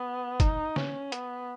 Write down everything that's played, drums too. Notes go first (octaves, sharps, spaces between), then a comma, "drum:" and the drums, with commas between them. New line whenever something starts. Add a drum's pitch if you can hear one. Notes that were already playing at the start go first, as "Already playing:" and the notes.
Already playing: B3
D#4, drum: kick, hi-hat
C#4, drum: snare
B3, drum: hi-hat